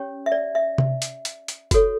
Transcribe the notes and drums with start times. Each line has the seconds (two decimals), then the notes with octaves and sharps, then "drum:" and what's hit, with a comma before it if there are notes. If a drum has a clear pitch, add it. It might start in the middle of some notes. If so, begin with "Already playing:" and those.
Already playing: C#4 G4 C#5
0.26 E5
0.32 D5
0.55 E5
0.78 drum: tom C3
1.02 drum: hi-hat
1.25 drum: hi-hat
1.48 drum: hi-hat
1.71 F#4 A4 C#5, drum: kick F#1, hi-hat